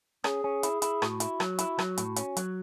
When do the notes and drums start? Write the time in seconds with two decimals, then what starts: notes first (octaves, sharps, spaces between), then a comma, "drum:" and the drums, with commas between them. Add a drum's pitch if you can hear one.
0.24 C#4 G#4, drum: rim click
0.44 C#4
0.63 E4, drum: hi-hat
0.82 E4, drum: hi-hat
1.02 A2 F#4, drum: rim click
1.20 E4, drum: hi-hat
1.40 F#3, drum: rim click
1.59 E4, drum: hi-hat
1.79 F#3, drum: rim click
1.98 A2, drum: hi-hat
2.16 C#4, drum: hi-hat
2.37 F#3, drum: hi-hat